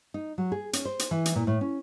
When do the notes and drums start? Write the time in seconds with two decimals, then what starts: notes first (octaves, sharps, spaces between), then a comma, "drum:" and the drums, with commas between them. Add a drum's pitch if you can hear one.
0.14 D#4
0.38 F#3
0.52 G#4
0.73 C#4, drum: hi-hat
0.85 C5
0.99 drum: hi-hat
1.11 E3
1.26 drum: hi-hat
1.35 A#2
1.47 A2
1.61 C#4